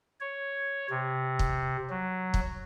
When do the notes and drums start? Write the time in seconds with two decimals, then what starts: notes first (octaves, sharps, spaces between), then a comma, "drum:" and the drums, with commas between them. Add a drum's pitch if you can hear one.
0.20 C#5
0.90 C3
1.39 drum: kick
1.90 F#3
2.34 drum: kick